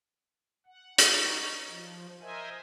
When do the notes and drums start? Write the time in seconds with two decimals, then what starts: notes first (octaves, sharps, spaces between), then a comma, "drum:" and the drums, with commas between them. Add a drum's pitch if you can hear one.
0.66 F#5
0.98 D#4 C#5, drum: hi-hat
1.68 F3
2.21 A#4 C5 D#5 E5 G#5